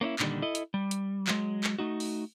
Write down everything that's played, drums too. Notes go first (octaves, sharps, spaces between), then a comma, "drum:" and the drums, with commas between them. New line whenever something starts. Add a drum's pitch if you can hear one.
A#3 C#4 D#4 E4
A#2 D3 D#3 G3, drum: clap
E4 A4 D#5
drum: hi-hat
G3
drum: hi-hat
F#3 G#3, drum: clap
drum: clap
A3 D#4 F#4
drum: open hi-hat